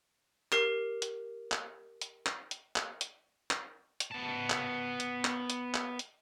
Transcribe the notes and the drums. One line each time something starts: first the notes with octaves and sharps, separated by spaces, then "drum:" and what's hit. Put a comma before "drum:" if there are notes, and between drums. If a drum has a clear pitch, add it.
G4 A#4 C7, drum: clap
drum: hi-hat
drum: clap
drum: hi-hat
drum: clap
drum: hi-hat
drum: clap
drum: hi-hat
drum: clap
drum: hi-hat
B3 A5
drum: clap
drum: hi-hat
drum: clap
drum: hi-hat
drum: clap
drum: hi-hat